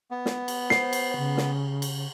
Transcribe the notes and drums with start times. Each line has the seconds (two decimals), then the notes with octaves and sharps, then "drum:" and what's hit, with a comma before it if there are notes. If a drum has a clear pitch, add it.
0.11 B3
0.26 drum: snare
0.48 drum: cymbal
0.70 C5 C7, drum: snare
0.93 drum: cymbal
1.17 C#3
1.37 drum: snare
1.82 drum: cymbal